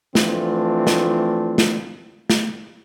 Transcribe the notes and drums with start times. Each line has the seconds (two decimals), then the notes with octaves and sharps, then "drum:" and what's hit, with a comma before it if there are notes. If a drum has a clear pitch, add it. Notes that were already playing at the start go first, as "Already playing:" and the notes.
0.15 E3 F3 A3 C4 D4 F4, drum: snare
0.87 drum: snare
1.58 drum: snare
2.30 drum: snare